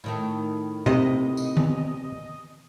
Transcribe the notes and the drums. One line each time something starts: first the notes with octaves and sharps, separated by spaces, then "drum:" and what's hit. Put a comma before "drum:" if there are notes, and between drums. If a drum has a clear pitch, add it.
A2 D#3 A3
C3 D#5, drum: tom B2
drum: tambourine
drum: tom D#3